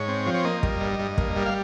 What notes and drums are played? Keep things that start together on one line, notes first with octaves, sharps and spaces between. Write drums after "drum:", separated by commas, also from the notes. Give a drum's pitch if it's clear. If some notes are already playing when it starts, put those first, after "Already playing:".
Already playing: G#2 C#5
C4
F3
C#5
A#3 D#5
G3, drum: kick
G2
G2
A#3, drum: kick
G3
F5